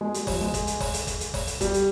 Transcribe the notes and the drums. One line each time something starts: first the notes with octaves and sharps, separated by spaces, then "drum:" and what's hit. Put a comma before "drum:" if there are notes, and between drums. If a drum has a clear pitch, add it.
G#3
G3, drum: hi-hat
F3, drum: kick, open hi-hat
G#3
drum: kick, hi-hat
drum: hi-hat
drum: kick, open hi-hat
drum: hi-hat
drum: kick, hi-hat
drum: hi-hat
drum: kick, open hi-hat
drum: hi-hat
G3, drum: kick, hi-hat
drum: hi-hat